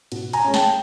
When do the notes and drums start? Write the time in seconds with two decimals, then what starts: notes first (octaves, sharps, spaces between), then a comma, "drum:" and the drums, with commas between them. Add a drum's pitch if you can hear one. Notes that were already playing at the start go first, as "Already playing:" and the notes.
0.12 B2, drum: cymbal
0.33 G#5 A#5, drum: cymbal
0.44 G#3 C#4
0.54 G5 A5, drum: snare